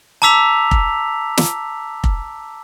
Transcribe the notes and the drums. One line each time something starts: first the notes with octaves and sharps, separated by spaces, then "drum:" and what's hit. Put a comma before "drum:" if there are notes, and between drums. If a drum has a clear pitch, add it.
A5 A#5 D6 E6 B6 F7
drum: kick F1
drum: snare
drum: kick F1